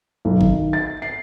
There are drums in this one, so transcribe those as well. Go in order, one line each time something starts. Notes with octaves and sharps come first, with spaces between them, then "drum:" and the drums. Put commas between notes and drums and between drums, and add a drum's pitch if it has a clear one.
B1
D#3, drum: kick
A6
C7